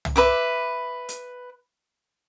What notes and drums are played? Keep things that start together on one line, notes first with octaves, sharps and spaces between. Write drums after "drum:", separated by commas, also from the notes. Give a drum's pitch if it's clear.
drum: tom
B4 E5 D6
drum: hi-hat